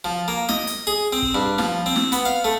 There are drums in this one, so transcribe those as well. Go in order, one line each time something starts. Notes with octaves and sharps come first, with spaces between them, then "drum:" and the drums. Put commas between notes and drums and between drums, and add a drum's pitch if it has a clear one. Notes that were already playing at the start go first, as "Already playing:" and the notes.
F3
A#3
D#5, drum: snare
drum: hi-hat
G#4
C4
drum: kick
G2
F3, drum: snare
C4
drum: snare
B3, drum: hi-hat
F5
A3